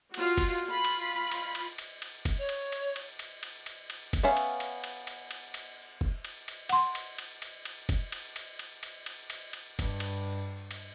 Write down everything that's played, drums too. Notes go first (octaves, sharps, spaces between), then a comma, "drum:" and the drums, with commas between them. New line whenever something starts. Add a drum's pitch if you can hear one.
F4 F#4, drum: cymbal
drum: kick, cymbal
F4 B5
drum: cymbal
drum: cymbal
drum: cymbal
drum: cymbal
drum: cymbal
drum: kick, cymbal
C#5
drum: cymbal
drum: cymbal
drum: cymbal
drum: cymbal
drum: cymbal
drum: cymbal
drum: cymbal
drum: kick, cymbal
B3 C#4 E5 F5
drum: cymbal
drum: cymbal
drum: cymbal
drum: cymbal
drum: cymbal
drum: cymbal
drum: kick
drum: cymbal
drum: cymbal
F#5 C6, drum: cymbal
drum: cymbal
drum: cymbal
drum: cymbal
drum: cymbal
drum: kick, cymbal
drum: cymbal
drum: cymbal
drum: cymbal
drum: cymbal
drum: cymbal
drum: cymbal
drum: cymbal
G2, drum: kick, cymbal
drum: cymbal
drum: cymbal